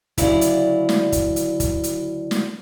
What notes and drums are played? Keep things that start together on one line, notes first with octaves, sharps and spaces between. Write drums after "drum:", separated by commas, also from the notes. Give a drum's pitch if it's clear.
D2 C#3 F#3 E4 D5 F5, drum: kick, hi-hat
drum: hi-hat
drum: snare
drum: kick, hi-hat
drum: hi-hat
drum: kick, hi-hat
drum: hi-hat
drum: snare